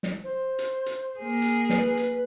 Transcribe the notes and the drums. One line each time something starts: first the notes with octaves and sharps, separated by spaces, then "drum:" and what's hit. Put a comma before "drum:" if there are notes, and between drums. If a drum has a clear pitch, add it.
drum: snare
C5
drum: hi-hat
drum: hi-hat
A#3 G#4
drum: hi-hat
B4, drum: snare
drum: hi-hat